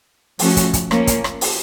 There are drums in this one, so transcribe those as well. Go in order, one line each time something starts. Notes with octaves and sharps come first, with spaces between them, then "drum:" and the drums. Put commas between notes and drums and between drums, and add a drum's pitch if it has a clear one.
F3 A3 C#4 F#4, drum: open hi-hat
drum: kick, hi-hat
drum: kick, hi-hat
F3 A#3 C#4, drum: rim click
drum: kick, hi-hat
drum: rim click
drum: open hi-hat